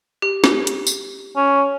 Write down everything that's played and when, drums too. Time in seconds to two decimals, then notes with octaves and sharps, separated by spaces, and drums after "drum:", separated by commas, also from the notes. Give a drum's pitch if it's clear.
0.22 G4
0.44 drum: snare
0.67 drum: hi-hat
0.87 drum: tambourine
1.36 C#4